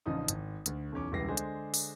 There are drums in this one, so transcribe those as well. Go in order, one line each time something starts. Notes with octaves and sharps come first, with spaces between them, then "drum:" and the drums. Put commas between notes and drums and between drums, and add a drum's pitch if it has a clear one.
A1 C#3 F3 D4 D#4 D#6
G#1, drum: hi-hat
D2 D3, drum: hi-hat
B1 E2 C#4 D6
E1 C#2 E3 G3 A#6 C7
D3 G#3 G#4 C5
drum: hi-hat
drum: open hi-hat